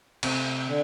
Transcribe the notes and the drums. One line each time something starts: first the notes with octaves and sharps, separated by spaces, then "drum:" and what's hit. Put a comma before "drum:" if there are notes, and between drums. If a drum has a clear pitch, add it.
C3 A3 C4, drum: cymbal
D3